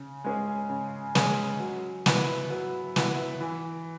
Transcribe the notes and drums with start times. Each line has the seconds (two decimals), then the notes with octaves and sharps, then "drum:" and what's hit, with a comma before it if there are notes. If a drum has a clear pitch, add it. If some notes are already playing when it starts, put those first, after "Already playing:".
Already playing: C#3
0.24 G#3 C#4 G#4
0.70 C#3
1.15 G#3 C#4 G#4, drum: snare
1.60 F#3
2.06 B3 E4 B4, drum: snare
2.50 F#3
2.96 B3 E4 B4, drum: snare
3.41 E3